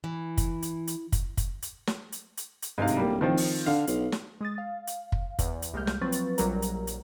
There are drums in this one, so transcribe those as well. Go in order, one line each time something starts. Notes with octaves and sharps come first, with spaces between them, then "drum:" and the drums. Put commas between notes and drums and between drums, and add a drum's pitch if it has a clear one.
E3
drum: kick, hi-hat
drum: hi-hat
drum: hi-hat
drum: kick, hi-hat
drum: kick, hi-hat
drum: hi-hat
drum: snare
drum: hi-hat
drum: hi-hat
drum: hi-hat
D1 G#2 C3 F5
drum: hi-hat
G3 A#3
D#3 F3 C4
drum: open hi-hat
D3 F5
B1, drum: hi-hat
drum: snare
G#3 D#6 A6
F5
drum: hi-hat
drum: kick
E2, drum: kick, hi-hat
drum: hi-hat
C2 G3 G#3 A#3 F6 G6
drum: snare
F3 F#3 C4 B4 C#6 A6
drum: hi-hat
A#1 F#3 G3 A#4 A#5, drum: hi-hat
drum: hi-hat
drum: hi-hat